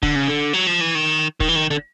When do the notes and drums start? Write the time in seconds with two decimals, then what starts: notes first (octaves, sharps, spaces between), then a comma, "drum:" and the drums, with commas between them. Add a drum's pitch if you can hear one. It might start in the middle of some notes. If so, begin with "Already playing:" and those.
0.03 D3, drum: kick
0.15 C#3
0.28 D3
0.53 F#3
0.67 F3
0.81 E3
0.95 D#3
1.40 D#3, drum: kick
1.49 E3
1.56 D#3
1.71 D3